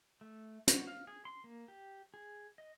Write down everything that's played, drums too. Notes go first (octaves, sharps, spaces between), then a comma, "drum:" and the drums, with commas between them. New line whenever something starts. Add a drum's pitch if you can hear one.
A3
F#4, drum: hi-hat
F5
G#4
C6
A#3
G4
G#4
D#5